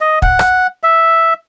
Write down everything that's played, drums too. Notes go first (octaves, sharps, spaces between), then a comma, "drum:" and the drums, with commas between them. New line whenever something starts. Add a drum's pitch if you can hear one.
D#5
F#5, drum: kick
drum: rim click
E5